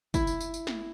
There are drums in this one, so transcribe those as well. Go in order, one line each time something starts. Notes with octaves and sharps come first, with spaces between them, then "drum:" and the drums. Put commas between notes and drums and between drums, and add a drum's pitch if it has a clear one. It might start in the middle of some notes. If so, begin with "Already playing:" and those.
E4, drum: kick, tambourine
drum: tambourine
drum: tambourine
drum: tambourine
drum: snare